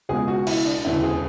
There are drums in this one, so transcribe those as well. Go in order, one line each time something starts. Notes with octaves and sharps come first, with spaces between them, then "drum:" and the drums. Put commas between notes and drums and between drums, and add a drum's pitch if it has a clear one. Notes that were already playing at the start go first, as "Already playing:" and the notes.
C#2 B2 G#3 G#4
F#4
E4, drum: cymbal
D4
E1 D2 C#3 E4
G#4